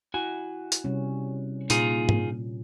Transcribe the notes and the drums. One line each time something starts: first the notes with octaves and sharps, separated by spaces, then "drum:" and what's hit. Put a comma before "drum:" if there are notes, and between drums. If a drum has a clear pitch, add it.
E4 F#4 G#5
drum: hi-hat
C3 G3 C#4
A#2 D#4 F4 G#4, drum: hi-hat
drum: tom G#2